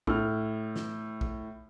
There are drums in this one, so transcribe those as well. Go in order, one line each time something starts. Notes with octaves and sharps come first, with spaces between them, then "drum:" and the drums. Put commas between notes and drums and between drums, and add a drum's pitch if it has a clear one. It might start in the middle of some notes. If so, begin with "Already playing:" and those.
A2 F6, drum: kick A#1
drum: snare
drum: kick A#1